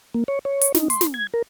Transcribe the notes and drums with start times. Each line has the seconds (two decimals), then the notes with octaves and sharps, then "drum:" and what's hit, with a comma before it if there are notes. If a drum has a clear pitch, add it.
0.14 A#3
0.28 C#5
0.45 C#5
0.61 drum: hi-hat
0.75 D#4, drum: snare
0.90 C6, drum: hi-hat
1.01 drum: snare
1.14 G#6
1.34 A#4